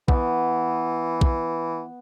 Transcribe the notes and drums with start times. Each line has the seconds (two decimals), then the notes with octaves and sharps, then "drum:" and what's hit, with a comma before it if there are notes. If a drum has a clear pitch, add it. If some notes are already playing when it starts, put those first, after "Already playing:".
0.08 E3 B3, drum: kick
1.21 drum: kick